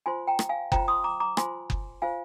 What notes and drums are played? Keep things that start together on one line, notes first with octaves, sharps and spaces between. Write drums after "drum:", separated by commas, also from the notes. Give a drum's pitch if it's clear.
F4 C5 G#5 C6
G5 A#5
drum: rim click
F5 G#5
F4 C5 G5 A#5, drum: kick F#1
C6 D#6
A#5 D6
A#5 D6
F4 C5 G#5 C6, drum: rim click
drum: kick F#1
F4 C5 F5 G#5